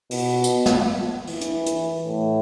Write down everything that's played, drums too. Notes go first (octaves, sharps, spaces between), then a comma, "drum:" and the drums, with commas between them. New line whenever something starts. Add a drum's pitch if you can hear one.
B2, drum: open hi-hat
drum: tambourine
drum: snare
E3, drum: open hi-hat
drum: hi-hat
drum: hi-hat
A2